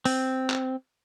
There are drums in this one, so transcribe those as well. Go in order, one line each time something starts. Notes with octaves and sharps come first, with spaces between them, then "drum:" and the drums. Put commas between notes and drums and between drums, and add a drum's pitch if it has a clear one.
C4, drum: open hi-hat
drum: clap